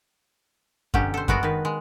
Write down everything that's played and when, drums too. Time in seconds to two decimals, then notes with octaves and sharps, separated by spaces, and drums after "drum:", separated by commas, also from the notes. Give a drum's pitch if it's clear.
0.94 B2 D3 F#3 C#4 G4, drum: kick F#2
1.14 A4 C5
1.28 G#3 B3 F#4 A#4, drum: kick F#2
1.43 D#3 B4
1.65 G#3